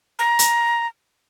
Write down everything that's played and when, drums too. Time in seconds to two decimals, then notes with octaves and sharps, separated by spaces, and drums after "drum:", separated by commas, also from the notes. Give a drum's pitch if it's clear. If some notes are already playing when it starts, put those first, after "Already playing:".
0.19 A#5
0.39 drum: hi-hat